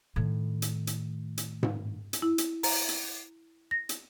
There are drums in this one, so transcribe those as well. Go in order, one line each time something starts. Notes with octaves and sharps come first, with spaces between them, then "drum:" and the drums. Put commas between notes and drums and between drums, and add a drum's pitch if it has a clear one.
A2 D#3
drum: hi-hat
drum: hi-hat
drum: hi-hat
drum: tom G#2
drum: hi-hat
E4
drum: hi-hat
A#5, drum: open hi-hat
drum: hi-hat
A#6
drum: hi-hat